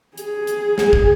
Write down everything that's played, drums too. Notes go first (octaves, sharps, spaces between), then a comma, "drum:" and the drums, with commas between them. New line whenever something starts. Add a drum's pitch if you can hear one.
G#4, drum: hi-hat
drum: hi-hat
drum: snare
drum: kick